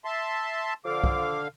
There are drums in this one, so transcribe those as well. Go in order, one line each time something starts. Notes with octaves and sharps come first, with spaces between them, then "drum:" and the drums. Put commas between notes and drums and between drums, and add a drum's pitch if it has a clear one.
E5 A5 C6
D3 F3 A4 F5 D6
drum: kick